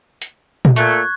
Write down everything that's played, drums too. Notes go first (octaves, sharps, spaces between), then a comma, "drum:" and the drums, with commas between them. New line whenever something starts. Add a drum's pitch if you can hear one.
drum: hi-hat
drum: tom A#2
A#2 A3 C#6 F#6 G#6, drum: hi-hat